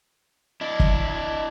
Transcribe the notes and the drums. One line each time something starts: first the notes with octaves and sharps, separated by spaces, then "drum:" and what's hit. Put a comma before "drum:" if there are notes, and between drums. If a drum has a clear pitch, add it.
D4 E4 D#5
drum: kick